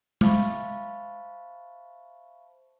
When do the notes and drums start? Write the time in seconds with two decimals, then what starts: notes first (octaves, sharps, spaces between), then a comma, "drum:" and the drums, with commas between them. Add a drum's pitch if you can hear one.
0.21 C5 E5 F5 A5 B5 C#6, drum: tom G#3